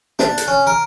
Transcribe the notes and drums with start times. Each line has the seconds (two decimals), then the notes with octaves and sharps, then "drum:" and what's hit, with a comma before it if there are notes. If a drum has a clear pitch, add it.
0.19 D4, drum: snare
0.38 drum: hi-hat
0.48 C#4
0.67 A#4